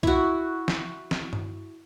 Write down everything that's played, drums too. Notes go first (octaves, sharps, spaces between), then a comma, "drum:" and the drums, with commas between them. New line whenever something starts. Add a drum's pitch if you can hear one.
E4 F#4, drum: kick B1
drum: snare
drum: snare
drum: tom G2